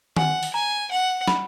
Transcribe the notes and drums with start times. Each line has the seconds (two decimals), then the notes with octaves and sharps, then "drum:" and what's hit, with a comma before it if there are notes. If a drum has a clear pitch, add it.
0.17 F#5 G#5, drum: tom D#3
0.43 drum: open hi-hat
0.54 G#5 A#5
0.91 F#5
1.28 B5, drum: snare